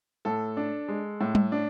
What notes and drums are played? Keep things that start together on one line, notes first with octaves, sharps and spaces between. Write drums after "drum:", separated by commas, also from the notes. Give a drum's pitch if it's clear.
A2 A4
D4
G#3
A2
drum: tom G3
D4